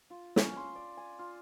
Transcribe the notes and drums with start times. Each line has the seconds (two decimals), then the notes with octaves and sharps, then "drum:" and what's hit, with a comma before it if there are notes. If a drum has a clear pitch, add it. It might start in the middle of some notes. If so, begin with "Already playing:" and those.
0.10 F4
0.36 C#4, drum: snare
0.56 C6
0.76 D5
0.97 G#5
1.19 F4